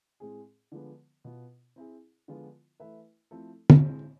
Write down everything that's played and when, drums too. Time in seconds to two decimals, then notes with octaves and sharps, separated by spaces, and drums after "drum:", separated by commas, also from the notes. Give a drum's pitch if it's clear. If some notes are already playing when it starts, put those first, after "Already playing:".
0.20 A2 G#3 C4 G#4
0.72 D3 F3 G#3 B3
1.24 B2 B3 F4
1.76 C4 E4 G#4
2.28 D3 F3 G#3 B3 F4
2.80 E3 A3 E4 B4 E5
3.31 F3 A3 C4 E4 A4
3.70 drum: tom
3.84 A2 G#3 C4